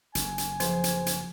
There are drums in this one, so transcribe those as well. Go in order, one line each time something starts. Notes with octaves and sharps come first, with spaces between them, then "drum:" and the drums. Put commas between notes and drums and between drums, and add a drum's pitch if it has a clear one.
F#1 G#5, drum: hi-hat
drum: hi-hat
F3 G#4 B4 C5, drum: hi-hat
drum: hi-hat
drum: hi-hat